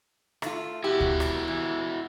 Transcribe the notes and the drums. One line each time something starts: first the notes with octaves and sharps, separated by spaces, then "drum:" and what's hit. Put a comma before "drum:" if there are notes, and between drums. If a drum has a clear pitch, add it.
A3 E4 F4, drum: rim click
E4 F#4 G4
drum: kick D2
drum: rim click
E3